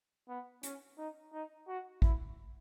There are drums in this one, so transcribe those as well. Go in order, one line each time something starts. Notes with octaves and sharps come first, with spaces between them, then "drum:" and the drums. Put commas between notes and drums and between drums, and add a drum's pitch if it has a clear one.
B3
C#4, drum: hi-hat
D#4
D#4
F#4
E4, drum: kick A1